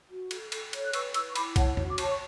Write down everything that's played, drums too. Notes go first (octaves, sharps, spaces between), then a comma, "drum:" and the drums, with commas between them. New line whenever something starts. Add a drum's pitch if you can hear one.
F#4
A4, drum: cymbal
A4, drum: cymbal
C#5, drum: cymbal
F#6
B4 C#6 E6, drum: cymbal
E4 C#6 E6, drum: cymbal
C#6
E4 B5 D6, drum: cymbal
C#5 F#5 A5, drum: kick, cymbal
F#4, drum: tom E2
D6
C#5 A5 C#6, drum: cymbal
C#6